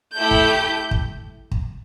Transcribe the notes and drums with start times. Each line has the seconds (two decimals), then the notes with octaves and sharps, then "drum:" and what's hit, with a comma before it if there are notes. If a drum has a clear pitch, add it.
0.15 A3 E4 G4 G6
0.31 drum: kick
0.91 drum: kick
1.51 drum: kick